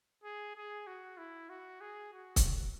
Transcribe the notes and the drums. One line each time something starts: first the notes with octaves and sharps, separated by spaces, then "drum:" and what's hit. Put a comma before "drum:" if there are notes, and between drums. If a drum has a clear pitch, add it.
G#4
G#4
F#4
E4
F#4
G#4
F#4
drum: kick C#1, hi-hat